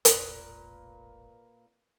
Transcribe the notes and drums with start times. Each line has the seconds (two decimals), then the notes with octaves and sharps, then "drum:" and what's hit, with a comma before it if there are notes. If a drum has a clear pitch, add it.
0.05 E1 A1 A#2 A#3 B4, drum: hi-hat